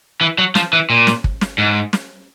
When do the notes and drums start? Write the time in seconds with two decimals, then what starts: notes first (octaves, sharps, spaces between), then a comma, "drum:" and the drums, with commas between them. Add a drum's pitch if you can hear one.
0.21 E3
0.38 F#3
0.55 F3, drum: snare
0.73 E3
0.90 A#2
1.07 drum: snare
1.24 drum: kick
1.41 drum: snare
1.58 G#2
1.93 drum: snare